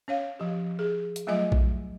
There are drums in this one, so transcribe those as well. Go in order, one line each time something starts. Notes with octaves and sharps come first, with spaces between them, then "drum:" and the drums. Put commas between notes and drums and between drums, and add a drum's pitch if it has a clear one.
C#4 C#5 F5
F3 G4
G#4
drum: hi-hat
F#3 G3 A3 F4 D#5 E5
drum: kick A#1